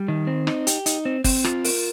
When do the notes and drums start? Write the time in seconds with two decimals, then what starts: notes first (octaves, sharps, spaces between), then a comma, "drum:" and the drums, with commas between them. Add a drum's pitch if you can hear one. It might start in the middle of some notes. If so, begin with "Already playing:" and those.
Already playing: G3
0.08 D#3
0.27 C4
0.47 D#4, drum: rim click
0.67 G4, drum: hi-hat
0.86 D#4, drum: hi-hat
1.05 C4
1.24 C4, drum: kick, open hi-hat
1.44 F4, drum: rim click
1.64 A#4, drum: open hi-hat